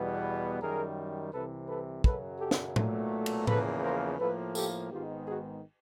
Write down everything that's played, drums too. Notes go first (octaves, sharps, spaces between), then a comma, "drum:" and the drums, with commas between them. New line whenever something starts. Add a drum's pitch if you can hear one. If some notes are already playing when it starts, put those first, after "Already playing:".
Already playing: E2 B2 G3 B3
F#2 D#3 G3 G#4 A#4
C2 C3 E3 A4 B4
A4 B4
F#2 C#3 F#3 A4 B4, drum: kick
G4 A4
drum: snare
B1 A#2 F#3 A3, drum: tom A2
drum: cymbal
E2 C#3 F3 A#3 A4 B4, drum: tom A2
A#4 C5
A2 F3 A#3 A4 B4
G4 A4, drum: tambourine
G#1 G#2 D#3 G#3 B3 F4 G4
F#4 G#4